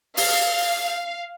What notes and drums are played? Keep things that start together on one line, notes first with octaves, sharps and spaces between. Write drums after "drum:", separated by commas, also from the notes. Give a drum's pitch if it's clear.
F5, drum: open hi-hat